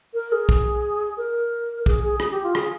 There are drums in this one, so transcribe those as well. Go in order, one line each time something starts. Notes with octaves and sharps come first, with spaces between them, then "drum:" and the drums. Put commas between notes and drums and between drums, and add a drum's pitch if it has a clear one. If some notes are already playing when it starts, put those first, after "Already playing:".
A#4
G#4
drum: kick
A#4
G#4, drum: kick
G#4
G#4, drum: rim click
G4
F4
G#4, drum: rim click